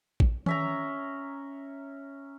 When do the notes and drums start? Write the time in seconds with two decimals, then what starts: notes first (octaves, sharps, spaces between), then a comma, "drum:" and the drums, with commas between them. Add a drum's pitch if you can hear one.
0.20 drum: kick
0.46 C#4 E5 A#5, drum: tom D#3